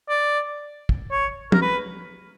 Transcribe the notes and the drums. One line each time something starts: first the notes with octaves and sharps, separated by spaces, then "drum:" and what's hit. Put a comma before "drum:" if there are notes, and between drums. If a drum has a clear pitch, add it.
D5
drum: kick
C#5
A#4, drum: tom F3
B4